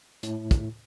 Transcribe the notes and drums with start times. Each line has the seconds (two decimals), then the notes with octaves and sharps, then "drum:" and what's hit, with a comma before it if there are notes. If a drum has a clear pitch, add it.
0.23 A2, drum: hi-hat
0.51 drum: kick, hi-hat